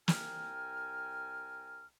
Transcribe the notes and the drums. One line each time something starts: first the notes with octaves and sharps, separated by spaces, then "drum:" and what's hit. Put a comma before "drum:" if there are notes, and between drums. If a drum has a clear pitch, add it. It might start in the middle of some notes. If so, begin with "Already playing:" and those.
C2 G5 G#5 A#5 F6, drum: snare